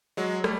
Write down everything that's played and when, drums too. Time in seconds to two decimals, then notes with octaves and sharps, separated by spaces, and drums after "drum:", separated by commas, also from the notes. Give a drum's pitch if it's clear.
0.17 F#3 G#3
0.44 G3 A3, drum: rim click